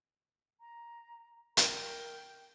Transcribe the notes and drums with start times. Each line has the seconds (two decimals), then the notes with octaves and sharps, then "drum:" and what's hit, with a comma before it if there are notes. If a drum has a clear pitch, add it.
0.61 A#5
1.57 A#4 G5, drum: hi-hat